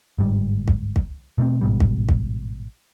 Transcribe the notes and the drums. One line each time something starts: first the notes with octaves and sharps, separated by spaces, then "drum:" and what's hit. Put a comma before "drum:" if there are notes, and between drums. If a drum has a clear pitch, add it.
G1 G#2 G3
drum: kick
drum: kick
B2 A3 B3 C4
A1 G#2 B2 G3
drum: kick
drum: kick